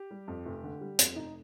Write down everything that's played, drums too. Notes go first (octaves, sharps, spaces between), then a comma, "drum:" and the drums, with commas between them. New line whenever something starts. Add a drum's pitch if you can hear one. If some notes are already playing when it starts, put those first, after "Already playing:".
Already playing: G4
G3
F2
F1
D3
G3
F2, drum: hi-hat
F1 D#4